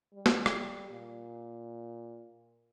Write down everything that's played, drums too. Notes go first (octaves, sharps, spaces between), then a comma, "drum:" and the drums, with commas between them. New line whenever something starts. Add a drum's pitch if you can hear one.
G3
drum: snare
drum: rim click
A#2